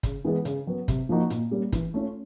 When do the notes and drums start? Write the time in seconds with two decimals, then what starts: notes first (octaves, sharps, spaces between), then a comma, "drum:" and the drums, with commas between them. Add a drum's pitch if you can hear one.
0.03 C#3, drum: kick, hi-hat
0.25 E3 G#3 B3
0.45 C#3, drum: hi-hat
0.67 F#3 B3
0.88 C3, drum: kick, hi-hat
1.09 F3 A#3 D#4 F#4
1.30 A#2, drum: hi-hat
1.51 G3 A#3 C#4
1.72 E3, drum: kick, hi-hat
1.94 A3 C#4 F4